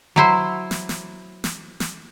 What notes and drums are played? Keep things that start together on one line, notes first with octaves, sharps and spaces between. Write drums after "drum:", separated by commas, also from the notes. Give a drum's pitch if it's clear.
F#3 E4 C5
drum: snare
drum: snare
drum: snare
drum: snare